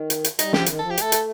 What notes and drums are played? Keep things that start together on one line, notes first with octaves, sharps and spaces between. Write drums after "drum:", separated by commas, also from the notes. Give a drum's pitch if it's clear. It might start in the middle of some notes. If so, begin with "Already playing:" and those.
Already playing: D#3
drum: hi-hat
drum: hi-hat
G3 D#4, drum: hi-hat
F3 G4, drum: snare
D#3, drum: hi-hat
F3 A4
G4
A3 A4, drum: hi-hat
drum: hi-hat